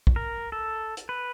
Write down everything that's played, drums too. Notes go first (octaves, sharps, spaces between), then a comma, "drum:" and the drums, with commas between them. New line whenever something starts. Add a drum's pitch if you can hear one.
drum: kick
A#4
A4
drum: hi-hat
B4